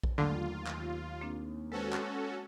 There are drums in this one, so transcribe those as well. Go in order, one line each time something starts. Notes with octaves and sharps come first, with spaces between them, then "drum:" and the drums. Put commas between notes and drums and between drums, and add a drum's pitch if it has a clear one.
drum: kick A#1
D#2 D3 F#3 G#3 A3 F4
drum: clap
A#3 C4 D4
G#3 C#4 F#4 A4 B4 C5
drum: clap